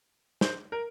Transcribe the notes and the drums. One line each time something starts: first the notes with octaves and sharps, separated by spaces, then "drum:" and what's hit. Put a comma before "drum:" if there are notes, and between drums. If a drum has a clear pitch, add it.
C5, drum: snare
A#4